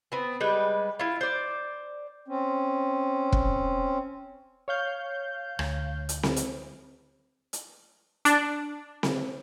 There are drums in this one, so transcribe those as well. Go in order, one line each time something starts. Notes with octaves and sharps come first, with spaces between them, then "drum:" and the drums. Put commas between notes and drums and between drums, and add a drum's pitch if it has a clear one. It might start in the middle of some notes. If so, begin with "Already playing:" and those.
B3 C4
G3 G#3 B4 G5
E4 F4
C5 D5
C4 C#4
drum: kick
C#5 F5 G6
D2, drum: rim click
drum: hi-hat
drum: snare C4
drum: hi-hat
drum: hi-hat
D4, drum: hi-hat
drum: snare C4